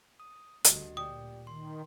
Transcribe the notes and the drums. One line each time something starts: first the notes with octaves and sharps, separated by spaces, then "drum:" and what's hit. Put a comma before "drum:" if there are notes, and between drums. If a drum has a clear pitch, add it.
D#6
D2 D3 G3 F#4 D#5, drum: hi-hat
A#2 G4 D5 G5 D#6
D#3 C6